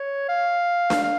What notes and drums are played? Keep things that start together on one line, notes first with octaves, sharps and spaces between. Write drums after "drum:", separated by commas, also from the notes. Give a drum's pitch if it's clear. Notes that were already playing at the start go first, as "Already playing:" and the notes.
Already playing: C#5
F5
drum: snare D4
F5